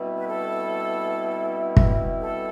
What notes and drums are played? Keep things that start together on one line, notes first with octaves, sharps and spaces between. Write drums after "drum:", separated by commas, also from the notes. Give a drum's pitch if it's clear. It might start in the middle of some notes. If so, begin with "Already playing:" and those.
Already playing: B2 G3 C4 E4
B4
A4
drum: kick
A4